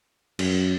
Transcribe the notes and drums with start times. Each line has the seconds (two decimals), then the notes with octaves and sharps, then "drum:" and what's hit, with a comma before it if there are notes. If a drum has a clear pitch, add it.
0.39 F#2, drum: cymbal